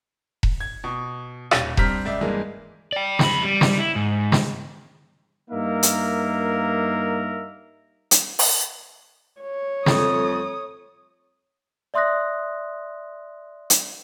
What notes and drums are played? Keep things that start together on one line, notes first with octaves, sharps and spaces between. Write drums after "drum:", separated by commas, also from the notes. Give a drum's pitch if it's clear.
drum: kick E1
G#6
B2
D#1 G4 C#5 A6 A#6 D#7, drum: rim click
G2 C4 G4 A#5 F6 B6, drum: kick E1
C#2 D5 E5
G2 E3 G#3 A#3
D5 G5
F2 B5, drum: snare
G3
drum: snare
E4
G#2
drum: snare
G2 A#3 D#4 A#4 E5
drum: hi-hat
drum: hi-hat
drum: open hi-hat
C#5
F2 G3 A3 D#6, drum: snare
D5 E5 C6 D#6 F#6 A#6
drum: hi-hat